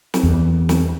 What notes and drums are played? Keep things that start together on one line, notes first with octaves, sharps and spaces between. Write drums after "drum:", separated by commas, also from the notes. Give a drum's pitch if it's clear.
drum: snare
E2
drum: snare